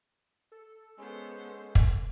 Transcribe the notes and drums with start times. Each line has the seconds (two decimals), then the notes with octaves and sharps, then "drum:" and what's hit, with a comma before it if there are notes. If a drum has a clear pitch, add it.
0.52 A4
0.98 G#3 B3 C#4 C5
1.75 drum: kick